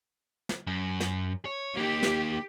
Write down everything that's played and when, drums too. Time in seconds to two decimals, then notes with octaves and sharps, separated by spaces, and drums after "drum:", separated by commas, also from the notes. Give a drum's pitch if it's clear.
0.49 drum: snare
0.67 F#2
1.00 drum: snare
1.45 C#5
1.77 A#3 D#4 G4
2.03 drum: snare